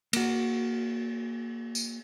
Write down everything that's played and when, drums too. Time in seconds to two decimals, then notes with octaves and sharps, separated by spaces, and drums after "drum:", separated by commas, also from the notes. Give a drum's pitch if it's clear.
0.13 A#3 F#4, drum: cymbal
1.75 drum: tambourine